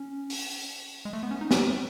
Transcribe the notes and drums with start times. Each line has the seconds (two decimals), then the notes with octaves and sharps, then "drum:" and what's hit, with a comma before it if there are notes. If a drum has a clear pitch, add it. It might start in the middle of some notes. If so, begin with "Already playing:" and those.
Already playing: C#4
0.30 drum: open hi-hat
1.05 G#3
1.13 A3
1.23 B3
1.31 C#4
1.41 D#4
1.51 drum: snare